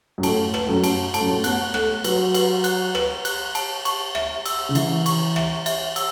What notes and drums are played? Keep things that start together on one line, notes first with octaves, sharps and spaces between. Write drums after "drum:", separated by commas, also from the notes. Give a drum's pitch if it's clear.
F#2
A2 A5, drum: cymbal
B4, drum: rim click
A2
F#2
A5, drum: cymbal
A2 A5, drum: cymbal
F#2
A2
B3 F#6, drum: cymbal
A3 F#6, drum: rim click
F#3 B4, drum: cymbal
B4, drum: cymbal
F#6, drum: cymbal
B4, drum: rim click
F#6, drum: cymbal
A5, drum: cymbal
C#6, drum: cymbal
E5, drum: rim click
E6, drum: cymbal
C#3
E3 E5, drum: cymbal
C#6, drum: cymbal
E5, drum: rim click
E5, drum: cymbal
E6, drum: cymbal